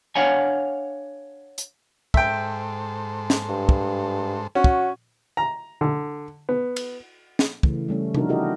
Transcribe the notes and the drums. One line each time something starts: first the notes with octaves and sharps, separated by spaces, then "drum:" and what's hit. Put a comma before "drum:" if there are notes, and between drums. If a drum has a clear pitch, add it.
D4 C#5 F5 F#5 G#5
drum: hi-hat
G#2 A4 C5 E5 G5, drum: kick
drum: snare
G2
drum: kick
C#4 F#4
drum: kick
A#5
D3
B3
drum: cymbal
drum: snare
C#3 E3 A3, drum: kick
G3 A3 C#4
F3 B3 D4 D#4 F#4 A#4, drum: tom C3
E4 F#4 G4 A4 A#4 D#5